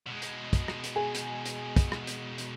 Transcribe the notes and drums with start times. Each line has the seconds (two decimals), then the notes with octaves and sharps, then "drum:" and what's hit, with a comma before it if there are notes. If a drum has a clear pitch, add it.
0.07 B2 G#3
0.22 drum: hi-hat
0.53 drum: kick, hi-hat
0.68 drum: rim click
0.84 drum: hi-hat
0.96 G#4
1.15 drum: hi-hat
1.46 drum: hi-hat
1.76 drum: kick, hi-hat
1.92 drum: rim click
2.07 drum: hi-hat
2.38 drum: hi-hat